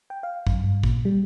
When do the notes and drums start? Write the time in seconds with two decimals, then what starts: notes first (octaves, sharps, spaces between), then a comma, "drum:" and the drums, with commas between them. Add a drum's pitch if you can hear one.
0.10 G5
0.23 F5
0.47 F#2, drum: kick
0.64 G2
0.83 A#2, drum: kick
1.05 G3